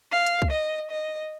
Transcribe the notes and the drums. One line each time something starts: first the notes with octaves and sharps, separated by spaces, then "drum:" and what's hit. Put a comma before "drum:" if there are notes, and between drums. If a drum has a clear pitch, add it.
F5
drum: hi-hat
drum: kick
D#5
D#5